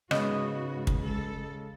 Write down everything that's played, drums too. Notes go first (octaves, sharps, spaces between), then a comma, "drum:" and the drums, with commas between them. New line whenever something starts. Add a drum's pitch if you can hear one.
G#2 C#3 B3 F#4 D#5, drum: rim click
drum: kick
G#3 A4